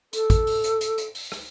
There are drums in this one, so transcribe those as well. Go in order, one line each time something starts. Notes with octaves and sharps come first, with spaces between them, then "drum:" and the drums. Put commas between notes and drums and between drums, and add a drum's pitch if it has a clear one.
A4, drum: hi-hat
drum: kick, hi-hat
drum: open hi-hat
drum: hi-hat
drum: hi-hat
drum: hi-hat
drum: open hi-hat
drum: rim click